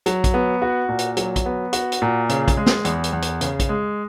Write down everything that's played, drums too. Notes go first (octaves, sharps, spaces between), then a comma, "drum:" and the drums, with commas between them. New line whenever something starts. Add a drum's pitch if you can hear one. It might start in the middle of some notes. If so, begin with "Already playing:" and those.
F#3, drum: hi-hat
drum: kick A#1, hi-hat
B3
F#4
A#2
drum: hi-hat
F#3, drum: hi-hat
drum: kick A#1, hi-hat
B3
F#4, drum: hi-hat
drum: hi-hat
A#2
C#3, drum: hi-hat
drum: kick A#1, hi-hat
G#3
drum: snare
E2, drum: hi-hat
drum: hi-hat
E2
drum: hi-hat
C#3, drum: hi-hat
drum: kick A#1, hi-hat
G#3